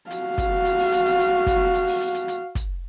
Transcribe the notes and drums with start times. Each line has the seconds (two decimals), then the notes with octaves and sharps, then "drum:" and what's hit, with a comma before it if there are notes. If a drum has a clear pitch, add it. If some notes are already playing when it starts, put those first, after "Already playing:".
0.11 F#4 F5, drum: hi-hat
0.38 drum: kick, hi-hat
0.65 drum: hi-hat
0.79 drum: open hi-hat
0.92 drum: hi-hat
1.06 drum: hi-hat
1.19 drum: hi-hat
1.46 drum: kick, hi-hat
1.74 drum: hi-hat
1.87 drum: open hi-hat
2.01 drum: hi-hat
2.14 drum: hi-hat
2.28 drum: hi-hat
2.55 drum: kick, hi-hat